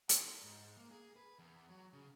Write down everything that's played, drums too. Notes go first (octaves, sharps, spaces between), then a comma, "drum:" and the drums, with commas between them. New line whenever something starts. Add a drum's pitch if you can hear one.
C6, drum: hi-hat
G#2
A#3
G#4
B4
E2
F#3
C#3